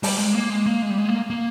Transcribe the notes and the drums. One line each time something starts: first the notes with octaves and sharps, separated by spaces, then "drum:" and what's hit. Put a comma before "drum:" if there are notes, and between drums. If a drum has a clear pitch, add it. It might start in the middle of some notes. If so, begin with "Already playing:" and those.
G3, drum: open hi-hat
G#3
A#3
G#3
A#3
G#3
G3
G#3
A#3
A#3